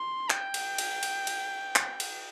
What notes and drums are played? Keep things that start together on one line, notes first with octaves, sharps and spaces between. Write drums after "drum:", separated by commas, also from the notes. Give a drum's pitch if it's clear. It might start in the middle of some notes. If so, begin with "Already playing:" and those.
Already playing: C6
G5, drum: clap
drum: cymbal
drum: cymbal
drum: cymbal
drum: cymbal
drum: clap
drum: cymbal